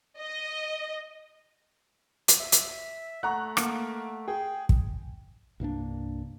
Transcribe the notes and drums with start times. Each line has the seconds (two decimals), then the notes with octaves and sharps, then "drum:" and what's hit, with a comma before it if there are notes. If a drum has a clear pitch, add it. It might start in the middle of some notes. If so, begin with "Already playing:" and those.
0.19 D#5
2.28 drum: hi-hat
2.40 E5
2.52 drum: hi-hat
3.23 A3 F#5 A#5 C#6 F#6
3.57 A#3, drum: rim click
4.28 G#4 G5
4.69 drum: kick
5.60 C2 G2 A#3 D4